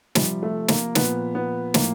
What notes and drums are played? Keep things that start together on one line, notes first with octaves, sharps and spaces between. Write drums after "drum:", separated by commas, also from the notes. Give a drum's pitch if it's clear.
C3 F3 G3, drum: snare
A3
A#3, drum: snare
A#2 F3 B3, drum: snare
B3
A2 F3 A#3, drum: snare